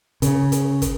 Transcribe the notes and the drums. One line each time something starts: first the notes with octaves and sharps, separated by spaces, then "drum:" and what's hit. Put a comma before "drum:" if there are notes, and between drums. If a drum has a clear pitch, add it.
C#3, drum: hi-hat
drum: hi-hat
drum: kick, hi-hat